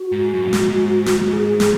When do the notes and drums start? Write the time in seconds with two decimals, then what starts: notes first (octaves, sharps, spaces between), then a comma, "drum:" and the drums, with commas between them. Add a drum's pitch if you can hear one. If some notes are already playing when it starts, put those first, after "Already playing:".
Already playing: F#4
0.12 G#2
0.33 F#2
0.44 A#2
0.53 G#2, drum: snare
1.06 drum: snare
1.28 F#4
1.33 G#4
1.60 drum: snare